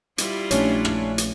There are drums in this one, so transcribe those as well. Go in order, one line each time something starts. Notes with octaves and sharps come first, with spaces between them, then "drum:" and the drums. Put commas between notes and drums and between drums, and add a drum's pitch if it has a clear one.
G3 E4 F4, drum: hi-hat
A#1 A3 C#4 D4 C#5, drum: hi-hat
drum: rim click
drum: hi-hat